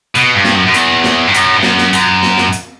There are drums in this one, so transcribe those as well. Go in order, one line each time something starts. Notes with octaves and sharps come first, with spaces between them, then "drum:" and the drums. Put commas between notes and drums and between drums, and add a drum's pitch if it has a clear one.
B2, drum: hi-hat
G2
drum: snare
F#2
F#2
E2, drum: hi-hat
drum: snare
G2
F#2, drum: hi-hat
G2
F#2, drum: snare
drum: snare
F#2, drum: hi-hat
drum: snare
drum: snare
drum: hi-hat